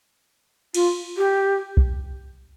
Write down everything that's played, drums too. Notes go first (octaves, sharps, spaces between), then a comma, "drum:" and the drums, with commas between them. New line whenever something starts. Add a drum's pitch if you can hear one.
F4, drum: cymbal
G4
drum: kick B1